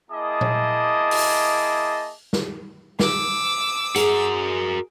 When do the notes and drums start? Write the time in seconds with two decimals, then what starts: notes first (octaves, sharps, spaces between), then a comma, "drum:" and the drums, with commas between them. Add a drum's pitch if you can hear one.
0.11 A#3 E4 G#4 D#5 A5 D6
0.41 drum: tom A#2
1.11 drum: open hi-hat
2.33 drum: snare
2.99 D6 E6, drum: snare
3.96 F#4 G#4 A#4, drum: hi-hat